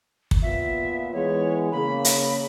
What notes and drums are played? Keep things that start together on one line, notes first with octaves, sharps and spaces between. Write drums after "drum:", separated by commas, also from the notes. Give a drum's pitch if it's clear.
drum: kick
A#2 B3 F4 E5
E3 G#3 B3 C#5
C#3 A#3 B5
drum: hi-hat